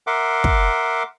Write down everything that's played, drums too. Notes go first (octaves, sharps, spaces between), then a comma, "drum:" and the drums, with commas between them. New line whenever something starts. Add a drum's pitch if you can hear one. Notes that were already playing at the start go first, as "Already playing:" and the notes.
A#4 E5 F#5 C6 D6
drum: kick